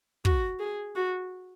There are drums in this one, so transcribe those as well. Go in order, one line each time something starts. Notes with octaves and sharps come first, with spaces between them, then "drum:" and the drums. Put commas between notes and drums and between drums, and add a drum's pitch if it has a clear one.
F#4, drum: kick
G#4
F#4